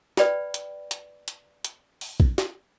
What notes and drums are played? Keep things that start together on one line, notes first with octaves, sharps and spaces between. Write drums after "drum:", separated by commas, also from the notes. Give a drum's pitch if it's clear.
B4 D5 G5 B5, drum: snare
drum: hi-hat
drum: hi-hat
drum: hi-hat
drum: hi-hat
drum: open hi-hat
drum: kick A#1
drum: snare